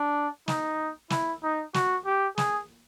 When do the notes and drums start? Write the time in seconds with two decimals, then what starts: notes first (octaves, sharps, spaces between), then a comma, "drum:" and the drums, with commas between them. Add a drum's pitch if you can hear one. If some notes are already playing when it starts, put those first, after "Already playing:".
Already playing: D4
0.48 D#4, drum: snare
1.10 E4, drum: snare
1.43 D#4
1.74 F#4, drum: snare
2.06 G4
2.38 G#4, drum: snare